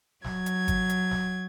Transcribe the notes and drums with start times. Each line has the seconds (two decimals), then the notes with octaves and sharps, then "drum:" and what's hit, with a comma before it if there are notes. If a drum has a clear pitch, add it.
0.24 F#3 G#6, drum: snare
0.46 drum: hi-hat
0.68 drum: kick G1, hi-hat
0.89 drum: hi-hat
1.11 drum: snare